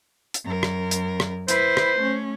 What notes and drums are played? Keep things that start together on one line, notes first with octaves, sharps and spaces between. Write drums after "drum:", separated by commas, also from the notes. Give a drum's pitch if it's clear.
drum: hi-hat
F#2 A#4
drum: rim click
drum: hi-hat
drum: rim click
E4 B4 C5, drum: hi-hat
drum: rim click
A3 C#4